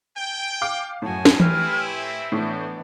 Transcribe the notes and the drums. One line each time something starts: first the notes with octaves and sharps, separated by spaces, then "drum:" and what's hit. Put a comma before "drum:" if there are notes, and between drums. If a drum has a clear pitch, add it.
G5 G#5
F5 D6
F#2 A2 F#4 G#5 A5
drum: snare
C4 E4 G4 B4 G#5 F6, drum: tom E3
E5
A2 E3 A3 B3 D4